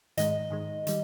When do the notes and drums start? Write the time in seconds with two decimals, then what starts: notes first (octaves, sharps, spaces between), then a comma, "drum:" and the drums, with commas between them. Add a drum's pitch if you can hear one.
0.17 G#2 D#3 G#3 D#5, drum: hi-hat
0.50 G#2 D#3 G#3
0.87 D#3 G3, drum: hi-hat